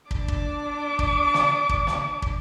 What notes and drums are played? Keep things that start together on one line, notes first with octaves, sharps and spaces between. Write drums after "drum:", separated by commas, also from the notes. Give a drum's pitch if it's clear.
D4 D6, drum: kick
drum: kick
drum: kick
drum: snare
drum: kick
drum: snare
drum: kick